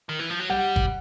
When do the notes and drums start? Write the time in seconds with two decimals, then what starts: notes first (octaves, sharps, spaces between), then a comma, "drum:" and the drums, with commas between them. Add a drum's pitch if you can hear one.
0.09 D#3
0.19 E3
0.30 F3
0.39 F#3
0.50 G3 F#5
0.76 drum: kick